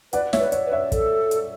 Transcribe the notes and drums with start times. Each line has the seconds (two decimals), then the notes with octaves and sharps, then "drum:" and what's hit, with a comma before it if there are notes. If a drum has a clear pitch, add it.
0.13 B4 D5 F#5, drum: hi-hat
0.33 C#5 E5, drum: snare
0.40 B4
0.52 C#5, drum: hi-hat
0.66 B4
0.72 C#5 E5
0.92 A4, drum: kick, hi-hat
1.31 drum: hi-hat